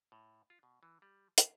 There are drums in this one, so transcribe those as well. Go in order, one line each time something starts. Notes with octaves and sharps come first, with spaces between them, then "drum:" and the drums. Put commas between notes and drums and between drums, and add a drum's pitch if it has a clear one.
A2
F4
B2
E3
G3
F5, drum: hi-hat